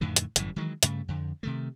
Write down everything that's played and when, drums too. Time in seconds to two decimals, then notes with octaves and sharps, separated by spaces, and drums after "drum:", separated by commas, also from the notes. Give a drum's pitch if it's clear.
0.01 F2 A2 D3 D#3
0.16 drum: hi-hat
0.36 G1 F#2 A2 E3, drum: hi-hat
0.56 D#3 E3 F#3 G#3
0.83 G2 C#3 A3, drum: hi-hat
1.08 F2 D3
1.43 C3 D#3 A3